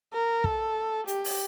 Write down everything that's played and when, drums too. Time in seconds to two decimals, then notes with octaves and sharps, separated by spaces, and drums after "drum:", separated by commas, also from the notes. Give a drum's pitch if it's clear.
0.13 A#4
0.44 A4, drum: kick
1.07 G4, drum: hi-hat
1.24 drum: open hi-hat